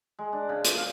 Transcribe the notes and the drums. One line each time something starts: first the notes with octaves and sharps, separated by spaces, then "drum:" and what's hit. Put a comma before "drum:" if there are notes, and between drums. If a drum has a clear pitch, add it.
G#3
D4
C#3
C5, drum: hi-hat
F5